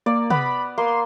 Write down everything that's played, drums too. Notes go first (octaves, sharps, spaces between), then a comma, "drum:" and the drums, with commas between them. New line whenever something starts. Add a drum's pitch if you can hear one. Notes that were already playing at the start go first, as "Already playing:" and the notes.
A#3 D5
B3 B5, drum: tom
A#3 C6